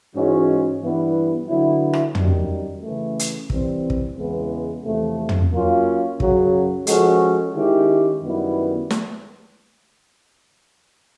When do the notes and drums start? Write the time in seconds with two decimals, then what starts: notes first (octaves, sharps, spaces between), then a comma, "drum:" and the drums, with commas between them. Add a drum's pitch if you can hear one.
0.14 G#2 E3 G#3 C#4 F#4
0.81 G2 E3 G3 B3 E4
1.48 D3 F#3 B3 E4
1.93 drum: rim click
2.15 F#2 D#3 G3, drum: tom
2.82 C#3 E3 A3
3.19 drum: hi-hat
3.50 E3 G3 C4, drum: kick
3.90 drum: kick
4.17 E2 C#3 E3 G#3 B3
4.85 E2 C3 F3 A3
5.29 drum: tom
5.52 F#3 A#3 C#4 F4
6.20 F#2 C#3 F#3, drum: kick
6.87 F3 G#3 C#4 F#4 A4, drum: hi-hat
7.54 D#3 G#3 C#4 E4 G4
8.22 F#2 D#3 G3 B3 E4
8.90 drum: snare